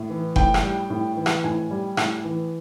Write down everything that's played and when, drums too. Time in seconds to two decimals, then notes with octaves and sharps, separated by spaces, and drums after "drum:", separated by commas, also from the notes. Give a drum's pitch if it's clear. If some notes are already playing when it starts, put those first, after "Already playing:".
Already playing: A2
0.10 E3
0.36 A2 G5, drum: kick F#1
0.54 drum: rim click
0.63 G3
0.90 A2
1.17 E3
1.26 drum: rim click
1.44 A2 G#5
1.71 G3
1.97 A2, drum: rim click
2.24 E3